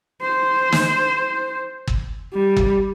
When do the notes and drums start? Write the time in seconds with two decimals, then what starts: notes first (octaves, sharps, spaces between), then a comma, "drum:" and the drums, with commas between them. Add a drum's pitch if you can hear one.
0.21 C5
0.72 drum: snare
1.87 drum: kick
2.33 G3
2.56 drum: kick